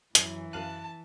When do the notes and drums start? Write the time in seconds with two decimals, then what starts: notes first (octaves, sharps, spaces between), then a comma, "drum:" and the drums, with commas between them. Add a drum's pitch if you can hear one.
0.15 F#2 E3, drum: hi-hat
0.53 F#2 F5 A5 F#6 D#7